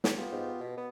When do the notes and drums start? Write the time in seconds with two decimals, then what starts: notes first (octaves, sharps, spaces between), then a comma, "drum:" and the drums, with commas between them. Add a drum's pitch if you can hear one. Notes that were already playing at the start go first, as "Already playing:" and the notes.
0.04 drum: snare
0.16 B3 F4 G4
0.32 G#2
0.61 B2
0.77 B3